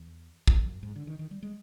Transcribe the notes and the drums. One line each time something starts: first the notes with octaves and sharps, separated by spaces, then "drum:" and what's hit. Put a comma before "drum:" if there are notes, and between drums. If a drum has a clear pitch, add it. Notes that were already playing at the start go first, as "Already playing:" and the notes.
Already playing: E2
F2, drum: kick
F#2
G#2
D3
D#3
D#3
G3
G#3